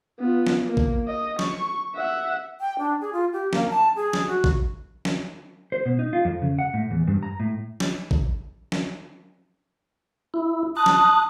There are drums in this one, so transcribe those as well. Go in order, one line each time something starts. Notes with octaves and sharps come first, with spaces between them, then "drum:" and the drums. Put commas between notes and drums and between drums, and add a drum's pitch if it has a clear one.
B3 F4
drum: snare
A#3
drum: kick
D#5
C#6, drum: snare
E5 F#5
G5
D4
G#4
F4
G4
A#3, drum: snare
A5
G#4
drum: snare
F#4
drum: kick
drum: snare
C5
B2
D#4
F4
F2
C#3
F#5
A2
E2
G2
A#5
A2
drum: snare
drum: kick
drum: snare
E4
A5 D#6 F#6
drum: snare